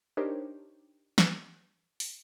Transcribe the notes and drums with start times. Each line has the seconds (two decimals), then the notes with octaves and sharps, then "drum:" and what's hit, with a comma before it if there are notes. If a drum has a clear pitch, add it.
0.17 D4 D#4 G4 A#4 C5 C#5
1.18 drum: snare
2.00 drum: open hi-hat